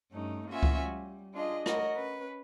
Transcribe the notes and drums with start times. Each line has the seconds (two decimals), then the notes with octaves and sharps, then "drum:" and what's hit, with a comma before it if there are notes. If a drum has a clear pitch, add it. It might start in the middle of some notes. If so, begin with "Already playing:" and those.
0.12 G2 A3 C#4 D#4
0.48 A#3 C#4 F4 F#4 E5 G#5
0.63 drum: kick C#2
0.86 G3
1.34 D4 F4 G#4 D#5
1.66 F#4 A#4 C#5 D#5, drum: rim click
1.96 C#4 B4